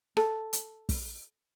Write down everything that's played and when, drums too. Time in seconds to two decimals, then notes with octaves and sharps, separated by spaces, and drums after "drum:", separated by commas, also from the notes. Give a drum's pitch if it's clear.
0.17 A4, drum: rim click
0.53 drum: hi-hat
0.89 drum: kick, open hi-hat